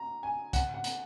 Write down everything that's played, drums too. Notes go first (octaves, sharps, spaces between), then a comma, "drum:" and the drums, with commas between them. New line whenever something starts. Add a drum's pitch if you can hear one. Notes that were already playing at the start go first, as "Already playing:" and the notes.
Already playing: A#5
G#5
F#5, drum: kick, hi-hat
F#5
drum: hi-hat